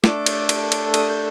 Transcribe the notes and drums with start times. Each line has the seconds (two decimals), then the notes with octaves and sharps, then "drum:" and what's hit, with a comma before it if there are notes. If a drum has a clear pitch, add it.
0.04 A3 D4 A4 D6, drum: snare
0.26 drum: cymbal
0.49 drum: cymbal
0.72 drum: cymbal
0.94 D#6, drum: cymbal
1.09 G6